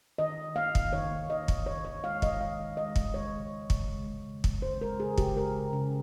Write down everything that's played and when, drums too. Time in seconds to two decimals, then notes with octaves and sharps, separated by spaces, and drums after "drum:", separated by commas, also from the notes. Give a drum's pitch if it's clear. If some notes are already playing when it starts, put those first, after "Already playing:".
0.18 D#3 D#5
0.38 D#3
0.55 A#3 F5
0.75 D#3, drum: kick
0.93 D#3 C#5
1.11 A#3
1.29 D#3 D#5
1.48 D#3, drum: kick
1.66 D#3 C#5
1.85 D#3 C#5
2.04 G#3 F5
2.22 D#3 D#5, drum: kick
2.40 G#3 F5
2.59 D#3
2.77 G#3 D#5
2.96 D#3, drum: kick
3.14 G#3 C#5
3.33 C#3
3.51 G#3
3.70 C#3, drum: kick
3.88 G#3
4.08 G#3
4.26 C#3
4.44 C#3, drum: kick
4.62 G#3 C5
4.81 G#3 A#4
5.00 C#3 G#4
5.18 C#3 G4, drum: kick
5.37 G#3 A#4
5.54 C#3
5.73 C#3